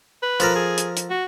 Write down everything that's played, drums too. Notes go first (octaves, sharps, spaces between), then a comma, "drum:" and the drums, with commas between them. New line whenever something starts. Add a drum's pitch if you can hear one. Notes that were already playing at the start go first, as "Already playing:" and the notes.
B4
F3 A4 A#4, drum: hi-hat
G#4
drum: hi-hat
drum: hi-hat
F#4